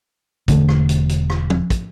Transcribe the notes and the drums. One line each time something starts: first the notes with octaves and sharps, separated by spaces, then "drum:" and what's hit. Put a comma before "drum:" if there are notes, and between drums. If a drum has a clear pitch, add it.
E1 D3 A3, drum: kick, hi-hat
drum: rim click
drum: hi-hat
drum: hi-hat
drum: rim click
drum: tom F3
drum: kick, hi-hat